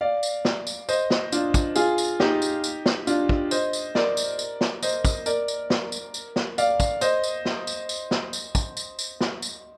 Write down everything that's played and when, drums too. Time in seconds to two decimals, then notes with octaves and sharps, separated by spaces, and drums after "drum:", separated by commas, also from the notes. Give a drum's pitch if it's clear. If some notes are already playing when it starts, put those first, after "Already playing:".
0.01 D5 F5
0.23 drum: tambourine
0.45 drum: snare
0.67 drum: tambourine
0.89 C5 D#5, drum: tambourine
1.10 drum: snare
1.32 D4 F4, drum: tambourine
1.54 drum: kick, tambourine
1.76 F4 G#4, drum: tambourine
1.98 drum: tambourine
2.20 D#4 G4, drum: snare
2.42 drum: tambourine
2.64 drum: tambourine
2.86 drum: snare
3.07 D4 F4, drum: tambourine
3.29 drum: kick
3.51 C5 D#5, drum: tambourine
3.73 drum: tambourine
3.95 A#4 D5, drum: snare
4.17 drum: tambourine
4.39 drum: tambourine
4.61 drum: snare
4.83 C5 D#5, drum: tambourine
5.05 drum: kick, tambourine
5.26 A#4 D5, drum: tambourine
5.48 drum: tambourine
5.70 drum: snare
5.92 drum: tambourine
6.14 drum: tambourine
6.36 drum: snare
6.58 D5 F5, drum: tambourine
6.80 drum: kick, tambourine
7.01 C5 D#5, drum: tambourine
7.23 drum: tambourine
7.45 drum: snare
7.67 drum: tambourine
7.89 drum: tambourine
8.11 drum: snare
8.33 drum: tambourine
8.55 drum: kick, tambourine
8.77 drum: tambourine
8.99 drum: tambourine
9.21 drum: snare
9.42 drum: tambourine